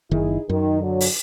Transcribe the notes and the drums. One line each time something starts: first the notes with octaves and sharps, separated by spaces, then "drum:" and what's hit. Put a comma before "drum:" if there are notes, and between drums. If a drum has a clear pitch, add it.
F#1 D#3 D#4 E4 G#4
F#2 D#3
D3 F#3
drum: open hi-hat